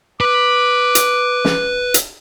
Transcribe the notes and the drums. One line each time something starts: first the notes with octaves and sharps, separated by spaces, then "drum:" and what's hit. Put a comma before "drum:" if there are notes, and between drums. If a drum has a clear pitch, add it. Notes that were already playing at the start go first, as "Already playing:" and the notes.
B4 D6
drum: hi-hat
drum: snare
drum: hi-hat